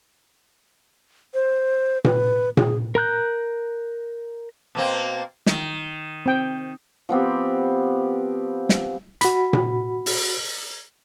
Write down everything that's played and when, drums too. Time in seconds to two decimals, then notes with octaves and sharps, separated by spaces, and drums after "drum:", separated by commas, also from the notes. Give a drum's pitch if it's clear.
1.34 C5
2.04 B4, drum: tom A#2
2.57 G#4, drum: tom A#2
2.95 A#4 A#5 F#6 G6
4.75 B2 A#3 C4
5.46 D#3, drum: snare
6.26 C4 G5
7.09 F3 B3 C4 G4
8.69 drum: snare
9.21 F#4 B5, drum: hi-hat
9.53 drum: tom A#2
10.06 drum: open hi-hat